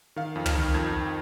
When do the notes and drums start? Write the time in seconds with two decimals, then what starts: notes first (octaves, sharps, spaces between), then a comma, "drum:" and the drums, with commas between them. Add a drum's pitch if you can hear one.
0.16 D#3 F5
0.36 F2
0.46 F6, drum: tom
0.55 D#3
0.74 F2 G#6
0.93 D#3